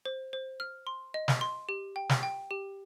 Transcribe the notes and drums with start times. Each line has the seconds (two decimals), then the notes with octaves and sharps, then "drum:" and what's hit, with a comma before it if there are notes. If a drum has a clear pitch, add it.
0.05 C5
0.33 C5
0.60 F6
0.87 C6
1.14 D#5
1.28 drum: snare
1.41 C6
1.69 G4
1.96 G5
2.09 drum: snare
2.23 G5
2.51 G4